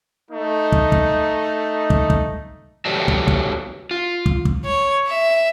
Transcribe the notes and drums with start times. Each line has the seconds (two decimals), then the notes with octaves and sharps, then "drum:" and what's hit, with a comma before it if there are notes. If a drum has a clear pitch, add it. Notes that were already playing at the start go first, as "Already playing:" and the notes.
0.31 A3 D#4
0.72 drum: kick
0.92 drum: kick
1.90 drum: kick
2.10 drum: kick
2.86 F#4 G4 A4 B4 C#5 D5
3.08 drum: kick
3.28 drum: kick
3.91 F4
4.26 drum: kick
4.45 drum: kick
4.65 C#5
5.07 E5